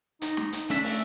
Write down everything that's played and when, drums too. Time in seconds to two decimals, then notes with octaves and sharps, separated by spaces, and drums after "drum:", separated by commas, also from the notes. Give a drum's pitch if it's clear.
0.22 D#4, drum: hi-hat
0.37 drum: snare
0.53 drum: hi-hat
0.70 A3 C#4 D4 E5, drum: hi-hat
0.84 drum: open hi-hat